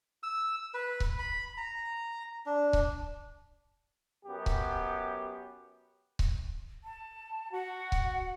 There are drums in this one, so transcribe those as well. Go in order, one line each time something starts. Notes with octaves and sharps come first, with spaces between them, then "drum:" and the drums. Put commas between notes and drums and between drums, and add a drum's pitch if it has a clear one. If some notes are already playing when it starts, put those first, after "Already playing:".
E6
B4
drum: kick C#1
B5
A#5
D4
drum: kick C#1
F#2 B3 G4
drum: kick C#1
drum: kick C#1
A5
F#4 F#5
drum: kick C#1